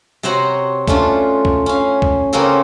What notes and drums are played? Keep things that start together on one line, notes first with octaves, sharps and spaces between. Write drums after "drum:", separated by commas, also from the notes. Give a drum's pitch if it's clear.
C3 F#4 C5 C#5 F#5 A#5
A3 C#4 D4 F4, drum: kick
drum: kick
C#4 F5
drum: kick
C#3 A#3 C4 C#4 F#4 A4